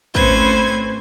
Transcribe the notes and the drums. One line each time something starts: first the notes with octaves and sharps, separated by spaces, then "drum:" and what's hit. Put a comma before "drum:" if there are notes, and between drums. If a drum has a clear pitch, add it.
A2 C4 C#4 B4 C5 G#6, drum: kick